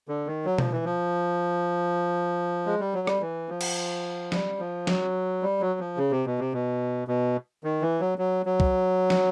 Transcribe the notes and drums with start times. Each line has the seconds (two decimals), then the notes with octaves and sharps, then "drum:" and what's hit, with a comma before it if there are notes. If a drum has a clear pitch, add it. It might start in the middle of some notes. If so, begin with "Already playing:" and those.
0.09 D3
0.27 D#3
0.45 F#3
0.58 F3, drum: tom B2
0.72 E3
0.85 F3
2.66 G#3
2.80 G3
2.94 F#3
3.07 G3, drum: rim click
3.21 E3
3.49 F3
3.61 drum: cymbal
4.32 G3, drum: snare
4.59 F3
4.87 F#3, drum: snare
5.42 G3
5.61 F#3
5.80 F3
5.97 C#3
6.11 C3
6.26 B2
6.39 C3
6.53 B2
7.08 B2
7.64 D#3
7.82 E3
8.00 F#3
8.18 F#3
8.46 F#3
8.60 drum: kick
9.10 drum: snare